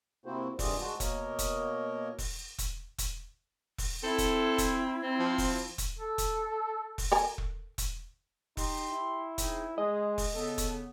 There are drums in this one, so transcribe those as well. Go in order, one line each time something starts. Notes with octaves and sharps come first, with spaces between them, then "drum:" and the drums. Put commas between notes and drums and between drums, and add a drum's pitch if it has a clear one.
C3 A#3 C4 E4 F#4 C5
G2 C3 D#3 F4 G#4 D5, drum: kick E1, open hi-hat
G#3 F#4 C5 F#5 A5
B2 A#3 A#4 C#5 D#5, drum: kick E1, hi-hat
drum: kick E1, hi-hat
drum: kick E1, open hi-hat
drum: kick E1, hi-hat
drum: kick E1, hi-hat
drum: kick E1, open hi-hat
C4 E4 A4
drum: kick E1, hi-hat
drum: kick E1, hi-hat
C4
F3
drum: kick E1, open hi-hat
drum: kick E1, hi-hat
A4
drum: kick E1, hi-hat
drum: kick E1, open hi-hat
A4 A#4 G#5
drum: kick E1
drum: kick E1, hi-hat
D#4 G4 C6, drum: kick E1, open hi-hat
E4
C4 D#4 G#4, drum: kick E1, hi-hat
G#3 G#4 D#5
drum: kick E1, open hi-hat
C#3 B3 A4
drum: kick E1, hi-hat